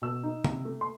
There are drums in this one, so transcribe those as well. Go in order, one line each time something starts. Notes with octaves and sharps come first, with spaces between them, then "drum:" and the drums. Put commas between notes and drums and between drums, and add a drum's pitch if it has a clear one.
B2 E6
D#4
C3, drum: tom
A3
C6